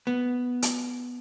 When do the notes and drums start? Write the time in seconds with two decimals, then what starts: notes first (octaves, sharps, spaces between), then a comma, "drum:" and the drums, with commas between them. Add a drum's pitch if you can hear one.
0.07 B3
0.62 drum: hi-hat